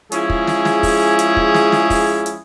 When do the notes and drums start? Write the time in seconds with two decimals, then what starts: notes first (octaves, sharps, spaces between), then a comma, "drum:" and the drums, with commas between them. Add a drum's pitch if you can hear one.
0.12 F3 G#3 C#4 E4 G#4, drum: hi-hat
0.30 drum: kick
0.47 drum: snare
0.65 drum: snare
0.83 drum: kick, open hi-hat
1.19 drum: hi-hat
1.37 drum: kick
1.54 drum: snare
1.72 drum: snare
1.90 drum: kick, open hi-hat
2.26 drum: hi-hat